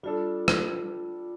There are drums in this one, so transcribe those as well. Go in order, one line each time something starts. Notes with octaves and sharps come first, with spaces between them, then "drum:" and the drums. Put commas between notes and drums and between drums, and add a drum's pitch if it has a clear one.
G3 D4 F4 A4
drum: rim click